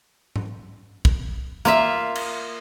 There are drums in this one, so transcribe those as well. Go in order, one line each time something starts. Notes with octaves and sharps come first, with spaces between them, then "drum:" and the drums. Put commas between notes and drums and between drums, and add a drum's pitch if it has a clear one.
drum: tom G#2
drum: kick
A#3 F4 E5, drum: hi-hat
drum: cymbal